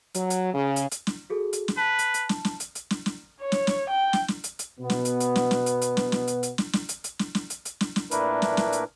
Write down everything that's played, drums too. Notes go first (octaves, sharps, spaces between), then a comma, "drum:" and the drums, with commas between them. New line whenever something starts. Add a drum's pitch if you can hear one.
F#3, drum: hi-hat
drum: hi-hat
C#3
drum: hi-hat
drum: hi-hat
drum: snare
F#4 G#4 A4
drum: hi-hat
drum: snare
B4 A5
drum: hi-hat
drum: hi-hat
drum: snare
drum: snare
drum: hi-hat
drum: hi-hat
drum: snare
drum: snare
C#5
drum: snare
drum: snare
G5
drum: snare
drum: snare
drum: hi-hat
drum: hi-hat
B2 B3
drum: snare
drum: hi-hat
drum: hi-hat
drum: snare
drum: snare
drum: hi-hat
drum: hi-hat
drum: snare
drum: snare
drum: hi-hat
drum: hi-hat
drum: snare
drum: snare
drum: hi-hat
drum: hi-hat
drum: snare
drum: snare
drum: hi-hat
drum: hi-hat
drum: snare
drum: snare
A#2 A3 D4 E4 A#4 B4, drum: hi-hat
drum: snare
drum: snare
drum: hi-hat